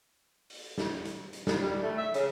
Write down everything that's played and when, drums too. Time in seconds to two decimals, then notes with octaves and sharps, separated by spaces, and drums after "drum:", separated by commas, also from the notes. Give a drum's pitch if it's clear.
0.50 drum: open hi-hat
0.78 drum: snare
1.05 drum: hi-hat
1.33 drum: hi-hat
1.47 drum: snare
1.61 G3
1.82 A3
1.97 E5
2.14 C#3, drum: hi-hat